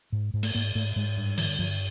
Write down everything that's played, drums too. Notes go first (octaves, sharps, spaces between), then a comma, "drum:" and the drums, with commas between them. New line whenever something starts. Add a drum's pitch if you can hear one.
G#2
G#2
A3, drum: cymbal
G#2 A#3
G#2 A3
G#2 G#3
G2
D3 E3, drum: cymbal
G2 F3